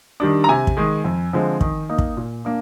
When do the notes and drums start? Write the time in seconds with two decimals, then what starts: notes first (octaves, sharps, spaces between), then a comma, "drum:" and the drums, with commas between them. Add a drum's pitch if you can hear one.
0.20 D#3 G3 D4
0.44 A#5
0.48 C3 G#5
0.67 drum: kick
0.77 D#3 G#3
1.04 F2
1.33 D3 F3 G#3 C4
1.61 D#3, drum: kick
1.89 A#3 D#4
1.98 drum: kick
2.17 A#2
2.45 A#3 D4